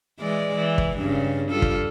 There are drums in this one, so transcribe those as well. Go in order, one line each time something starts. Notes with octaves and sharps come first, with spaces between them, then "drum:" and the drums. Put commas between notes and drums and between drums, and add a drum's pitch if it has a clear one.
E3 G#3 D5
E3
drum: kick
G2 C#3
G3 F4 A4
drum: kick